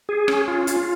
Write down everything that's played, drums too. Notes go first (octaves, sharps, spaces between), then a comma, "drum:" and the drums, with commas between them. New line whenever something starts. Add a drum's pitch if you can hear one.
G#4
C#4, drum: rim click
F4
F4, drum: hi-hat